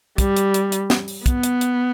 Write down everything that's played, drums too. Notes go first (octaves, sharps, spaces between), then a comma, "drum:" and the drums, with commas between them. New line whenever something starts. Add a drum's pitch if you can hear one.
G3, drum: kick, hi-hat
drum: hi-hat
drum: hi-hat
drum: hi-hat
drum: snare
drum: open hi-hat
B3, drum: kick, hi-hat
drum: hi-hat
drum: hi-hat